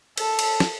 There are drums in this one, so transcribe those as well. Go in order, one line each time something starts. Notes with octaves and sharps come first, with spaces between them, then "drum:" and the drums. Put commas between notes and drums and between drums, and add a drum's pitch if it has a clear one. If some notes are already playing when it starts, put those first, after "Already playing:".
A4, drum: cymbal
drum: cymbal
drum: snare